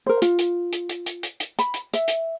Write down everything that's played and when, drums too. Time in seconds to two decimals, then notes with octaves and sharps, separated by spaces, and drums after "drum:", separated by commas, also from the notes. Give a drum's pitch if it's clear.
0.06 A#4 C5
0.22 F4, drum: hi-hat
0.39 drum: hi-hat
0.73 drum: hi-hat
0.89 drum: hi-hat
1.06 drum: hi-hat
1.23 drum: hi-hat
1.40 drum: hi-hat
1.59 B5, drum: hi-hat
1.74 drum: hi-hat
1.94 E5, drum: hi-hat
2.08 drum: hi-hat